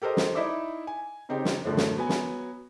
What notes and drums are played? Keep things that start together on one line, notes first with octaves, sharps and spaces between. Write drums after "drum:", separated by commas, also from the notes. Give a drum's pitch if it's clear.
G4 A4 A#4 C5 D#5
drum: snare
D#4 E4 D5 E5 D6
G#5
C#3 C4 D#4 G4
drum: snare
F#2 A2 D3 F3
drum: snare
F#3 B3 G#5
drum: snare